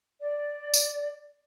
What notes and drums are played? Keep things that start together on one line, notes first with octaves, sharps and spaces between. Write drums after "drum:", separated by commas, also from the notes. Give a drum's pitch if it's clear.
D5
drum: tambourine